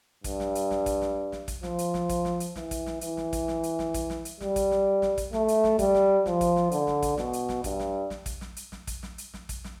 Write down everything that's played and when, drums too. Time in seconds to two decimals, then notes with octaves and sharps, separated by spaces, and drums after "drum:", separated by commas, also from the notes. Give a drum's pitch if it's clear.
0.24 G2, drum: kick, hi-hat
0.40 drum: snare
0.55 drum: hi-hat
0.71 drum: snare
0.86 drum: kick, hi-hat
1.01 drum: snare
1.32 drum: snare
1.48 drum: kick, hi-hat
1.63 F3, drum: snare
1.79 drum: hi-hat
1.94 drum: snare
2.09 drum: kick, hi-hat
2.25 drum: snare
2.40 drum: hi-hat
2.56 E3, drum: snare
2.71 drum: kick, hi-hat
2.86 drum: snare
3.01 E3, drum: hi-hat
3.17 drum: snare
3.33 drum: kick, hi-hat
3.48 drum: snare
3.63 drum: hi-hat
3.79 drum: snare
3.94 drum: kick, hi-hat
4.10 drum: snare
4.25 drum: hi-hat
4.41 G3, drum: snare
4.56 drum: kick, hi-hat
4.71 drum: snare
5.02 drum: snare
5.18 drum: kick, hi-hat
5.33 A3, drum: snare
5.48 drum: hi-hat
5.64 drum: snare
5.79 G3, drum: kick, hi-hat
5.95 drum: snare
6.26 F3, drum: snare
6.41 drum: kick, hi-hat
6.56 drum: snare
6.71 D3, drum: hi-hat
6.87 drum: snare
7.02 drum: kick, hi-hat
7.18 B2, drum: snare
7.33 drum: hi-hat
7.49 drum: snare
7.64 G2, drum: kick, hi-hat
7.79 drum: snare
8.10 drum: snare
8.26 drum: kick, hi-hat
8.41 drum: snare
8.57 drum: hi-hat
8.72 drum: snare
8.87 drum: kick, hi-hat
9.03 drum: snare
9.18 drum: hi-hat
9.34 drum: snare
9.49 drum: kick, hi-hat
9.64 drum: snare